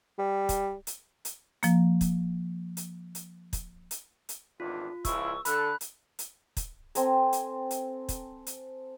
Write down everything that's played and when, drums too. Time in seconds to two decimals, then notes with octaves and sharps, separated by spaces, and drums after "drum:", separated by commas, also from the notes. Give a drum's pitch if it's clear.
0.19 G3
0.49 drum: kick, hi-hat
0.87 drum: hi-hat
1.25 drum: hi-hat
1.63 F3 A#3, drum: hi-hat
2.01 drum: kick, hi-hat
2.77 drum: hi-hat
3.15 drum: hi-hat
3.53 drum: kick, hi-hat
3.91 drum: hi-hat
4.29 drum: hi-hat
4.60 G#1 E2 D4 F4
5.05 C#2 F3 E4 C#6 E6, drum: kick, hi-hat
5.45 D3 A4 B5 F#6, drum: hi-hat
5.81 drum: hi-hat
6.19 drum: hi-hat
6.57 drum: kick, hi-hat
6.95 C4 A4 G#5 A#5, drum: hi-hat
7.33 drum: hi-hat
7.71 drum: hi-hat
8.09 drum: kick, hi-hat
8.47 drum: hi-hat